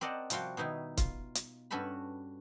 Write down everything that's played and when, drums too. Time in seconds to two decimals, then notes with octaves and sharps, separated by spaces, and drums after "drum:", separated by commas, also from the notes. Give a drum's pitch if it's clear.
0.01 C4 A#4 D5 D#5 F#5 A5
0.30 C3 F3 G3 F4 F#4, drum: hi-hat
0.57 B2 D#3 D#4 E4
0.97 F4, drum: kick, hi-hat
1.35 drum: hi-hat
1.71 G2 C#4 F#4 A4 B4 B5